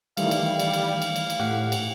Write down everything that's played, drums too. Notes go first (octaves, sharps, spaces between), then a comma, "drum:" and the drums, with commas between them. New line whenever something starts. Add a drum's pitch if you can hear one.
D#3 E3 G3 A3 F5, drum: cymbal
drum: cymbal
drum: cymbal
drum: cymbal
drum: cymbal
drum: cymbal
drum: cymbal
A2 G4 F#5
drum: cymbal